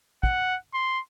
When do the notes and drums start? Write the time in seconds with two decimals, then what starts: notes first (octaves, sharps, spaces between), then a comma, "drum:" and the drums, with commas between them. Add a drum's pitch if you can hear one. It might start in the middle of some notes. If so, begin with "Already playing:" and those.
0.23 F#5, drum: kick
0.74 C6